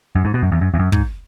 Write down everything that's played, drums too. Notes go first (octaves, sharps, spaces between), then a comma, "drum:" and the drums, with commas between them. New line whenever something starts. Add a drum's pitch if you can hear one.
F#2
G#2
B2
F#2
E2
F#2
E2
F#2
G#2, drum: kick